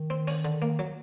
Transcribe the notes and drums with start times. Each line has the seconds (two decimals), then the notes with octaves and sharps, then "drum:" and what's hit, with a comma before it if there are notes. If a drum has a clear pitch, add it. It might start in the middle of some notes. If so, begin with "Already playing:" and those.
Already playing: D#3
0.10 C4
0.28 C#4, drum: open hi-hat
0.45 D3
0.62 A#3
0.79 F#3